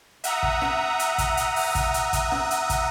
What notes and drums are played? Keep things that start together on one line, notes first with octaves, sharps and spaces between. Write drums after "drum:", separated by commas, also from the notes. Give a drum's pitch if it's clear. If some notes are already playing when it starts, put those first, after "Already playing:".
E5 F#5 A#5 D#6, drum: hi-hat
drum: kick
drum: snare
drum: hi-hat
drum: kick, hi-hat
drum: hi-hat
drum: open hi-hat
drum: kick, hi-hat
drum: hi-hat
drum: kick, hi-hat
drum: snare
drum: hi-hat
drum: kick, hi-hat